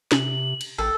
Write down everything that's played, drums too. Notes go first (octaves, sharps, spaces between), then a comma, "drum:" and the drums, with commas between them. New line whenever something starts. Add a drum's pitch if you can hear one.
C3 F#7, drum: snare
drum: cymbal
A1 A4 G5